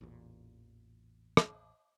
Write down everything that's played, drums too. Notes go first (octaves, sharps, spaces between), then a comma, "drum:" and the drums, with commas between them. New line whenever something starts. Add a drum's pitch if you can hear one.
A1 E2 A#2
drum: rim click